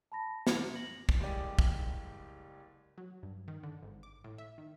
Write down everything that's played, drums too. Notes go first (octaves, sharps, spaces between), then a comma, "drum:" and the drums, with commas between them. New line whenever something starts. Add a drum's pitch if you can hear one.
A5 B5 A#6
E4 G#6 C#7 F7, drum: snare
A#6 F#7
drum: kick
F#1 G3 G#3 G4 D5 D#7
drum: kick
F#3
G2
D#3
D3
G#1
D6
A2
E5
D#3